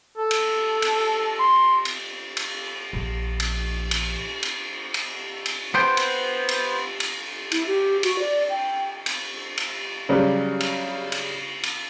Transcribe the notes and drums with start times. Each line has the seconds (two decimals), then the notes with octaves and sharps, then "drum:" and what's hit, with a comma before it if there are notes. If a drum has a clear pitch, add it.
0.18 A4
0.31 drum: cymbal
0.82 drum: cymbal
1.39 C6
1.85 drum: cymbal
2.37 drum: cymbal
2.93 A#1 F3
3.40 drum: cymbal
3.91 drum: cymbal
4.43 drum: cymbal
4.94 drum: cymbal
5.46 drum: cymbal
5.74 B3 C5 G5
5.97 drum: cymbal
6.49 drum: cymbal
7.00 drum: cymbal
7.52 E4, drum: cymbal
7.67 G4
8.03 F#4, drum: cymbal
8.19 D5
8.49 G5
9.06 drum: cymbal
9.57 drum: cymbal
10.09 C#3 F#3 G3
10.60 drum: cymbal
11.12 drum: cymbal
11.63 drum: cymbal